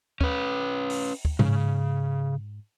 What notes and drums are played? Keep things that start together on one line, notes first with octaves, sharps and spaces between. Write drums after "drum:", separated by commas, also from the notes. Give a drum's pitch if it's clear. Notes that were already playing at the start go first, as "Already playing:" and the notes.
C#4 B4, drum: kick
drum: open hi-hat
drum: kick
G#2 C#3, drum: tom A2